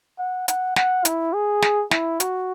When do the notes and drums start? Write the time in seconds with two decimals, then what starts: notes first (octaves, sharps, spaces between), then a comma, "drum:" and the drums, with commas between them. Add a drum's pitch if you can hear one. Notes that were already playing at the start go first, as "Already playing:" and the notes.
0.19 F#5
0.48 F#5, drum: hi-hat
0.76 F#5, drum: snare
1.05 E4, drum: hi-hat
1.33 G#4
1.63 drum: snare
1.91 E4, drum: snare
2.20 F#4, drum: hi-hat